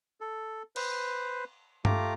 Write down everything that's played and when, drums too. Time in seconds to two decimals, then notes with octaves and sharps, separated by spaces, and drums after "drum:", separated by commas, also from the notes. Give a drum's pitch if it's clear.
0.21 A4
0.76 B4 C5, drum: cymbal
1.85 A3 F4 G4 A#5 D6, drum: tom G2